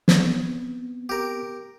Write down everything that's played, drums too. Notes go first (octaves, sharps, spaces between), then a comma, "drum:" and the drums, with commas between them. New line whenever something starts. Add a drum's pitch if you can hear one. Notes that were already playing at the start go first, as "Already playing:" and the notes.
B3 C4, drum: snare
G4 A#4